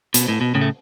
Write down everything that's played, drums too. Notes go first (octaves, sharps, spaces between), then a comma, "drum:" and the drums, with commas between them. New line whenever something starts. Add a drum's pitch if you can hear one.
B2, drum: hi-hat
A2
B2
A2 C#3
A3